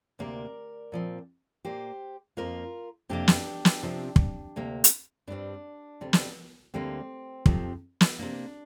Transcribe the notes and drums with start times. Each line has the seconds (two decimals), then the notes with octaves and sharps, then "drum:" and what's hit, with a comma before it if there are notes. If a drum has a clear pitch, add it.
0.19 D2 C3 A#3 A#4 D5
0.92 A#2 F3 C4
1.65 A#2 A#3 G4 C5
2.37 F2 F3 A#3 F4 A#4
3.09 F2 C3 A#3 D4 G4
3.28 drum: snare
3.65 drum: snare
3.83 C3 F3 C4
4.16 drum: kick
4.56 D2 C3 A#3
4.84 drum: hi-hat
5.27 G2 G3 C4 D4
6.01 D2 C3 G3
6.13 drum: snare
6.74 D2 D3 G3 A#3 C4
7.46 F2 C3 F3 C4, drum: kick
8.01 drum: snare
8.19 C3 A#3 D4